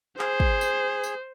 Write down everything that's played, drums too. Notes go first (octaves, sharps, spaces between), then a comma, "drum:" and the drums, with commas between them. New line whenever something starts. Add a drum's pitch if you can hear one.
G#4 C5, drum: clap
drum: kick
drum: tambourine
drum: tambourine